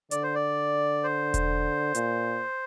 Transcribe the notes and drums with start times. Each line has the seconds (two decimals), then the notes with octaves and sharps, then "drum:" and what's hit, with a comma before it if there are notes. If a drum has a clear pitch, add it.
0.11 D3 D5, drum: hi-hat
0.23 C5
0.35 D5
1.04 C5
1.34 drum: kick E1, hi-hat
1.95 A#2, drum: hi-hat